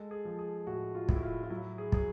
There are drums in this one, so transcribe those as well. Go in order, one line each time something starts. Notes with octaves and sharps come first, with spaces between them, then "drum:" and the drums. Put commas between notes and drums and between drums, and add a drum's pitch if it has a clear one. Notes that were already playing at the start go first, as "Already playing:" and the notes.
Already playing: G#3 A4
G#4
F3
G#4
A2 F#4
F4
A2, drum: kick
E4
F4
F4
F#3 E4
G#4
F#3 G#4, drum: kick